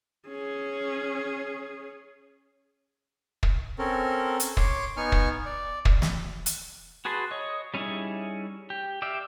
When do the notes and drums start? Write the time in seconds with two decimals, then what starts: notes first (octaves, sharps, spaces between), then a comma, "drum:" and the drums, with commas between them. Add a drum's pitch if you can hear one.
0.28 C#4 G#4
3.43 drum: kick
3.78 C4 C#4 A4 A#4
4.40 drum: hi-hat
4.57 C#5 C6 D6, drum: kick
4.97 B3 D#4 G#5 C#6 F6
5.12 drum: kick
5.46 D5
5.85 drum: kick
6.02 drum: snare
6.46 drum: hi-hat
7.05 F#4 G#4 B4 A5 C6
7.31 C#5 D#5
7.74 G3 C#4 D#4 E4 G#4
8.70 G4
9.02 G4 D5 E5 F5